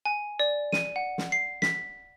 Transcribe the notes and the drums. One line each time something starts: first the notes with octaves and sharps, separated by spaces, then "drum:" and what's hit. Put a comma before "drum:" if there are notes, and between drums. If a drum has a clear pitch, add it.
G#5
D5
D#7, drum: snare
F#5
drum: snare
C7
B6, drum: snare